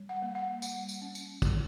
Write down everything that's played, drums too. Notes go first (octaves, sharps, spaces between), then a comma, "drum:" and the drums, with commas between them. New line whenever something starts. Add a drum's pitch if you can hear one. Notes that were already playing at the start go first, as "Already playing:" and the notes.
Already playing: G3
F#5
A#3
F#5
G3 F#5, drum: tambourine
drum: tambourine
C#4
drum: tambourine
G3, drum: kick, tambourine